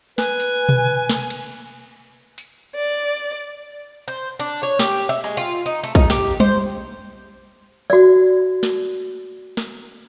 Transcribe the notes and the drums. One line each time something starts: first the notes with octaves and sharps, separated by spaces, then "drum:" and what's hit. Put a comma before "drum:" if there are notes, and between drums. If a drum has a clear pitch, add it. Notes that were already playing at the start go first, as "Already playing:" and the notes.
B4 G#5, drum: snare
drum: hi-hat
drum: tom B2
drum: snare
drum: cymbal
drum: hi-hat
D5
C5
D4
C#5
G4, drum: snare
E5
G#3
F4, drum: hi-hat
D#4
A3
D#4, drum: kick
G4, drum: snare
C5, drum: tom G3
F#4 D5, drum: tambourine
drum: snare
drum: snare